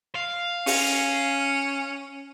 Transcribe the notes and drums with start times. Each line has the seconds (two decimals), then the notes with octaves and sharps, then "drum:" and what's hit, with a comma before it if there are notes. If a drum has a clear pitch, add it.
0.15 F5
0.67 C#4, drum: open hi-hat